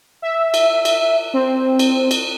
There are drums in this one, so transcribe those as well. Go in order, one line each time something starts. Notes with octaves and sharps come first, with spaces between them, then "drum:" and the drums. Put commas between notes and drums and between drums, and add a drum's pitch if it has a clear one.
E5
drum: cymbal
drum: cymbal
C4
drum: cymbal
drum: cymbal